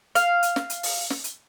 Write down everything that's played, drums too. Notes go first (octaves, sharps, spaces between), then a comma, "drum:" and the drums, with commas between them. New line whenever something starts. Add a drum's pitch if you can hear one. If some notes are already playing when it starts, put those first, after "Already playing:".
F5, drum: hi-hat
drum: hi-hat
drum: snare
drum: hi-hat
drum: open hi-hat
drum: snare
drum: hi-hat